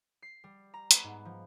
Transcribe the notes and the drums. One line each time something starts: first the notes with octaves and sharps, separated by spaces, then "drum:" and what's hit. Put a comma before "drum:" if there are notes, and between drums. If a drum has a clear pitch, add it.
C7
G3
A#5
B3, drum: hi-hat
G#2
F3